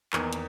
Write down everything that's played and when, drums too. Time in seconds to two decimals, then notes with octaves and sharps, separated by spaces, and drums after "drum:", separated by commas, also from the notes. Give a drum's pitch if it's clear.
0.13 E2 D#3 A#3 A#4, drum: clap
0.33 drum: hi-hat